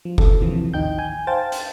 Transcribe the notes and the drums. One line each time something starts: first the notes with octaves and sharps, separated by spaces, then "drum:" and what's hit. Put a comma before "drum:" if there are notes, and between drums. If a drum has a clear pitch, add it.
F3
A4, drum: kick F1
D#2 C3 E3 F3
A1 D#2 D#4 G5 G6
G#5 G6
C5 F5 G5 A5 A6
drum: hi-hat